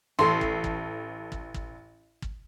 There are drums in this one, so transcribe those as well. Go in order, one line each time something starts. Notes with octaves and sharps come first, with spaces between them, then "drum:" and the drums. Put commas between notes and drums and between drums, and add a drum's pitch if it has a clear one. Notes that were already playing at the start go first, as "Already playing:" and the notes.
A1 A4 C6
drum: kick
drum: kick
drum: kick
drum: kick
drum: kick